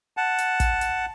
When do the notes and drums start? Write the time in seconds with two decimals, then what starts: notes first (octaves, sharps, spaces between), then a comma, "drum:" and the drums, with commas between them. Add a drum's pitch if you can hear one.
0.17 F#5 A5
0.38 drum: hi-hat
0.60 drum: kick, hi-hat
0.81 drum: hi-hat